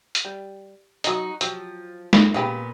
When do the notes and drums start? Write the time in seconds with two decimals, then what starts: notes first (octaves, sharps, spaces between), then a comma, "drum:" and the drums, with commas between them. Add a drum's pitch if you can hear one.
0.15 drum: hi-hat
0.25 G3
1.04 F#3 D#4 F#4 D#5, drum: hi-hat
1.41 F3 F#3 G4, drum: hi-hat
2.13 drum: snare
2.34 A#2 C#3 B3 G4 B5